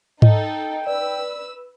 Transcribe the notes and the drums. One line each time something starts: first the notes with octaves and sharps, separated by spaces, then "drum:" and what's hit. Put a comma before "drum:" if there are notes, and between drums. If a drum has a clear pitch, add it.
D#4 A4 D#5 G5, drum: tom G#2
B4 D5 E6